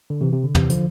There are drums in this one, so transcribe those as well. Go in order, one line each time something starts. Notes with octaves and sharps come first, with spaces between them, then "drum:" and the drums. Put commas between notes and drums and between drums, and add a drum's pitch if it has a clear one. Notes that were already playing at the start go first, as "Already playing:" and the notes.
D3
C3 E3
C3
D3
C3 E3, drum: tom
D3 F3, drum: hi-hat